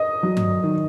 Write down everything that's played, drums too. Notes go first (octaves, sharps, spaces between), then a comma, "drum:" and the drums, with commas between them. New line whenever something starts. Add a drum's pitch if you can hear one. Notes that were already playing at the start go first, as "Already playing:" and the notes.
Already playing: D#5 D#6
F#3
drum: tom G2
D#3